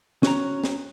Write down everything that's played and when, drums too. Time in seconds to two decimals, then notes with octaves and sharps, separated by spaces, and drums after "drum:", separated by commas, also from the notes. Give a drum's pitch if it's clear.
0.23 C#4 F#4 C#5 A#5, drum: snare
0.64 drum: snare